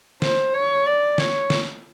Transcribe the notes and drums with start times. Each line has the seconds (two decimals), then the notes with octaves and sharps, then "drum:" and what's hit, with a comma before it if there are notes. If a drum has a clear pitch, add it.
0.22 C5, drum: snare
0.54 C#5
0.86 D5
1.18 C#5, drum: snare
1.50 drum: snare